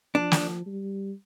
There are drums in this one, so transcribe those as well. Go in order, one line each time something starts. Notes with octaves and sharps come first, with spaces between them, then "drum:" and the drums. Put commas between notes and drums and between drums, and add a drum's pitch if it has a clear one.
F3 D4
drum: snare
G3